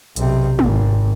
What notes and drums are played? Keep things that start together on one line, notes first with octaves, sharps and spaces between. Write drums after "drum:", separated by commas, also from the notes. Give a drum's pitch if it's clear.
B1 C3, drum: hi-hat
G#1, drum: tom